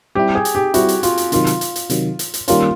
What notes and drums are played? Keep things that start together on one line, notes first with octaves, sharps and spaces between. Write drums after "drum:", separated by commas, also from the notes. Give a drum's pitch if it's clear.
G3 C4 E4 G4
G#4
drum: hi-hat
G4
G3 C4 E4 F#4, drum: hi-hat
drum: hi-hat
F4, drum: hi-hat
drum: hi-hat
C3 D#3 F#3 F4, drum: hi-hat
drum: hi-hat
drum: hi-hat
drum: hi-hat
C3 D#3 F#3, drum: hi-hat
drum: hi-hat
drum: hi-hat
D#3 G3 A#3 C#4 F4, drum: hi-hat